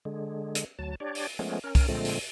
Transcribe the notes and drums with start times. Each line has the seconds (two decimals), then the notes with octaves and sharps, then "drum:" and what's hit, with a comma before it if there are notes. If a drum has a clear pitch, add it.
0.05 D3 G#3
0.55 drum: hi-hat
0.79 D2 F#3 A5
1.00 D4 G4 C#5 D5
1.15 drum: open hi-hat
1.39 F3 G#3 A3 B3 C#4
1.64 C#4 A#4
1.75 drum: kick C2, open hi-hat
1.89 A#2 D3 F3 G#3 A3 C4
2.05 drum: open hi-hat